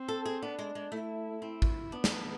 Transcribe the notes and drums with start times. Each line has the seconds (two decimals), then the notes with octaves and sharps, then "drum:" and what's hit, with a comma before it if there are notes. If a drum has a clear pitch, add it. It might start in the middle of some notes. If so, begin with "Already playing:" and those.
Already playing: C4
0.08 A4
0.25 G#4
0.42 B3 D4
0.59 G#3
0.75 G#3
0.92 A3 E4
1.42 C4 E4
1.62 drum: kick A1
1.92 B3 D4
2.04 drum: snare